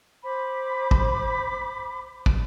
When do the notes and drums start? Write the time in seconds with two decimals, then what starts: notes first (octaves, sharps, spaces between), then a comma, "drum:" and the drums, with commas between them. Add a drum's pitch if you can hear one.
0.24 C5 B5 D6
0.91 drum: kick
2.26 drum: kick